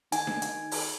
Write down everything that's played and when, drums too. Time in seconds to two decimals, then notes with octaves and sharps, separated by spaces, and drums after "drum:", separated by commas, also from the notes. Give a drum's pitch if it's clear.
0.12 D#3 G#5, drum: hi-hat
0.27 drum: snare D4
0.42 drum: hi-hat
0.71 drum: open hi-hat